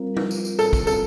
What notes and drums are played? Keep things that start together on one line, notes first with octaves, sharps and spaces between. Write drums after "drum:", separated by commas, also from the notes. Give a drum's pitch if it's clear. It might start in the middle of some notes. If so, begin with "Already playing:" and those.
Already playing: G3 C4 F4 A#4
drum: tom
drum: tambourine
drum: tambourine
A4, drum: tambourine
drum: kick, tambourine
A4, drum: tambourine